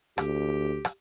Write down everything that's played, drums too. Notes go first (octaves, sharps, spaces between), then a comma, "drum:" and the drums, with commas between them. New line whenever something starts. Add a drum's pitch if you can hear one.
D2 G4, drum: rim click
drum: rim click